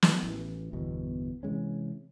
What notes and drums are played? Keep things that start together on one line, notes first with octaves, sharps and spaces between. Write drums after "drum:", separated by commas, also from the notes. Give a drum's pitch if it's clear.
drum: snare
A1 E3
G1 E2 B2
C3 E3 G#3 C#4